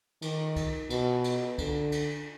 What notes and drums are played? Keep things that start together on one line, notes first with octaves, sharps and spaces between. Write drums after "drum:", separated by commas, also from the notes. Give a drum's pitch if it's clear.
D#3, drum: cymbal
drum: kick C2, cymbal
B2, drum: cymbal
drum: cymbal
D3, drum: kick C2, cymbal
drum: cymbal